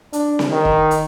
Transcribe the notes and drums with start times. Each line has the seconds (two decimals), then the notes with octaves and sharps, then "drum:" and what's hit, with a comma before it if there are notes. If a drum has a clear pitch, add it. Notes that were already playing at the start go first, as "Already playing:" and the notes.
0.13 D4, drum: hi-hat
0.39 drum: snare C4
0.50 D#3
0.65 drum: kick E1
0.91 drum: hi-hat